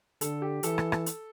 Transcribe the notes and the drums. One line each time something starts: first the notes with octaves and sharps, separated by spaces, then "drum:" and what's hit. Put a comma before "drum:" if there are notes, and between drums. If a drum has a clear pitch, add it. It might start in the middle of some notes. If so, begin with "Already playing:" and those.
D3 A4, drum: hi-hat
G4
E3 A4, drum: hi-hat
drum: rim click
drum: rim click
drum: hi-hat